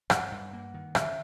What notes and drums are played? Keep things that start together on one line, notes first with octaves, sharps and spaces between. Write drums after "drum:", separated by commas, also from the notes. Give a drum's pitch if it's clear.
G2 F#5, drum: rim click
G2
A#3
D#3
D3 E5, drum: rim click